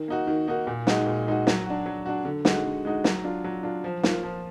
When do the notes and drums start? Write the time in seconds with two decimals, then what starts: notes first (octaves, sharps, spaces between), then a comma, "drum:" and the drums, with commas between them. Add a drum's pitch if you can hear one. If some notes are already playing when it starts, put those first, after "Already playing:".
Already playing: D#3
0.08 A#3 D#4 F#4
0.27 D#3
0.48 A#3 D#4 F#4
0.67 A#2
0.87 G#3 D#4 F#4, drum: snare
1.06 A#2
1.27 G#3 D#4 F#4
1.47 F#3, drum: snare
1.66 D4 F#4
1.86 F#3
2.06 D4 F#4
2.25 D3
2.45 G#3 D#4 F#4, drum: snare
2.65 D3
2.85 G#3 D#4 F#4
3.04 F#3, drum: snare
3.24 D4 F4
3.44 F#3
3.63 D4 F4
3.84 F3
4.03 A#3 F4, drum: snare
4.23 F3